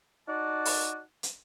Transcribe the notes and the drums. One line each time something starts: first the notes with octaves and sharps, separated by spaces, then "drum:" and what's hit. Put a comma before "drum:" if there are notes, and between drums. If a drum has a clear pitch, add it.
D#4 F#4 D5 F#5 A5
drum: open hi-hat
drum: hi-hat